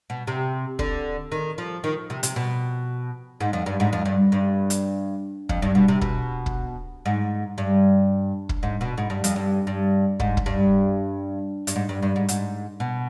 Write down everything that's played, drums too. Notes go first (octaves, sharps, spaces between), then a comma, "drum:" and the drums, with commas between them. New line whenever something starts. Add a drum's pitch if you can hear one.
B2
C3
D3, drum: kick
D#3
F3
D#3
C3
C3, drum: hi-hat
B2
G#2
F2
G2
G#2
F2
G2
G2
drum: hi-hat
F2, drum: kick
G2
B2
C3
B2, drum: kick
drum: kick
G#2
G2
drum: kick
G#2
B2
G#2
G2
F2, drum: hi-hat
G2
G2
G#2, drum: kick
drum: kick
G2
G2, drum: hi-hat
G#2
G2
G2
G#2
G#2, drum: hi-hat
B2